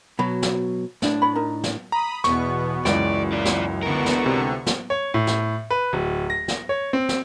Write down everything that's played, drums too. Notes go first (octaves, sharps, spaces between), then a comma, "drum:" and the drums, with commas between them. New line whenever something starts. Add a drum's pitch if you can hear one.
B2 F#3 C#5 B5
drum: snare
A2 D4, drum: snare
C#5 B5
D#4 A#4 A#5
drum: snare
A#5 B5 D#6
E2 B2 B3 C#6, drum: snare
C#2 F#2 E3 D5, drum: snare
F4 D5
drum: snare
D3 B3 F#4 A#4 C#6
drum: snare
C3
drum: snare
C#5
A2
drum: snare
B4
D1
A#6
drum: snare
C#5
C4
drum: snare